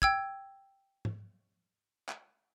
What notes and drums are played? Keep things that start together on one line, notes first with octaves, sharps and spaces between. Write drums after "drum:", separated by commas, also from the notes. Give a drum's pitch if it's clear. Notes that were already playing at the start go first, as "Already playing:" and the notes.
G5 E6 G#6, drum: kick
drum: tom G#2
drum: clap